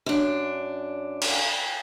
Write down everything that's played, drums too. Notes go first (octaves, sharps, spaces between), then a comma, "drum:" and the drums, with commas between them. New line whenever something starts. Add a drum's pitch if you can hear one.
F#2 D4
drum: cymbal